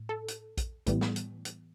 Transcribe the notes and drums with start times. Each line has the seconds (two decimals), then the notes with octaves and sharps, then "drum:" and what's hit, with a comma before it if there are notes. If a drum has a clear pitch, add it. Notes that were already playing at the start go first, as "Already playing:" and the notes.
Already playing: A2
0.09 A4
0.28 drum: hi-hat
0.57 drum: kick, hi-hat
0.87 A2 E3 G3 B3, drum: kick, hi-hat
1.01 drum: snare
1.16 drum: hi-hat
1.45 drum: hi-hat